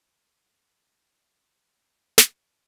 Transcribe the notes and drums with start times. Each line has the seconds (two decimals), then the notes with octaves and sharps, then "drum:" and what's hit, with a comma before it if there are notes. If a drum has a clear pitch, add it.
0.10 F3 A3 B3 F#4
2.18 drum: snare